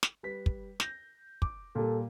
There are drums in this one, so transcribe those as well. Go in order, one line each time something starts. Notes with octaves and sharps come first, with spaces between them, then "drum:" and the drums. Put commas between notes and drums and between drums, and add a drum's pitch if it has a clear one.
drum: snare
G3 B4 B6
drum: kick
G6 A#6, drum: snare
D6, drum: kick
A#2 G3 A4